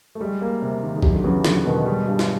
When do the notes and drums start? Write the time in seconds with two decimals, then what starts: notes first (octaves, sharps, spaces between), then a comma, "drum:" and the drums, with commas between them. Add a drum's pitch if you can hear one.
0.15 A3
0.21 G3 G#3
0.42 A#3
0.62 C3
0.83 D#3
0.96 G#3
1.03 F#3 G3, drum: kick A1
1.14 D3
1.24 E2 C#3
1.44 E2 D3, drum: snare
1.65 B2 D#3
1.86 G3 G#3
2.06 G2 G3
2.19 drum: snare